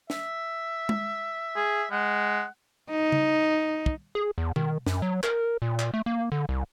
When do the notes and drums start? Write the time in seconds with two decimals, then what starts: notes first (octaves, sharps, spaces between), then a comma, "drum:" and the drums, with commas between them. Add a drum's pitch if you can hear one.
0.10 E5, drum: snare
0.89 drum: tom G#3
1.56 G#4
1.91 G#3 F#5
2.90 D#4
3.12 drum: tom C#3
3.86 drum: kick
4.15 G#4
4.38 E2
4.56 D#3, drum: tom B2
4.86 F#2, drum: snare
5.02 F#3
5.23 A#4, drum: clap
5.62 A#2
5.79 drum: clap
5.94 A3
6.06 A#3
6.32 D3
6.49 C2